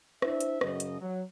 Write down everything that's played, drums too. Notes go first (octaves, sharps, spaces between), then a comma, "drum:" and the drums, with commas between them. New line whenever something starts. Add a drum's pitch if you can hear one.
D4 E4 C5 E5, drum: rim click
drum: hi-hat
F#2 C#3 D#5, drum: rim click
drum: hi-hat
F#3